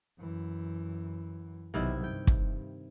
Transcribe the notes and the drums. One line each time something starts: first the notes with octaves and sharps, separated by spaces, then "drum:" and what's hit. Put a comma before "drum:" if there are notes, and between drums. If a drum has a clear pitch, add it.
F#2 E3
B1 C3 D#3 E4
G2 G5
drum: kick